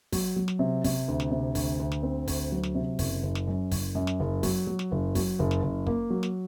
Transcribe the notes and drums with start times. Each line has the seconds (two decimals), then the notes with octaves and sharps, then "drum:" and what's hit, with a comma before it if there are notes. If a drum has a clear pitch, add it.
0.12 F#3, drum: kick, open hi-hat
0.36 F#3
0.48 drum: snare
0.59 C3
0.84 C3, drum: kick, open hi-hat
1.08 D2
1.20 drum: snare
1.31 C3
1.55 D2, drum: kick, open hi-hat
1.80 D2
1.92 drum: snare
2.03 C4
2.28 D2, drum: kick, open hi-hat
2.52 F#3
2.63 drum: snare
2.75 C3
2.99 F#1, drum: kick, open hi-hat
3.23 F#1
3.35 drum: snare
3.47 F#2
3.71 F#1, drum: kick, open hi-hat
3.95 F#2
4.07 drum: snare
4.20 F#1
4.43 F#3, drum: kick, open hi-hat
4.67 F#3
4.79 drum: snare
4.91 F#1
5.15 F#3, drum: kick, open hi-hat
5.39 F#1
5.51 drum: snare
5.63 F#1
5.87 A#3, drum: kick
6.10 F#3
6.23 drum: snare